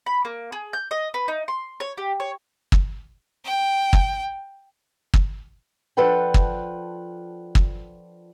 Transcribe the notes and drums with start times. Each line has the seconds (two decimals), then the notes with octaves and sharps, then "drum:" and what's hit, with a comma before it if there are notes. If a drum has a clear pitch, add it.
0.06 B5
0.25 A#3
0.52 G#4
0.73 G6
0.91 D#5
1.14 B4
1.28 D#4
1.48 C6
1.80 C#5
1.97 G4
2.20 C#5
2.72 drum: kick
3.45 G5
3.93 drum: kick
5.14 drum: kick
5.97 F3 D4 A4 B4 F#5 G5
6.34 drum: kick
7.55 drum: kick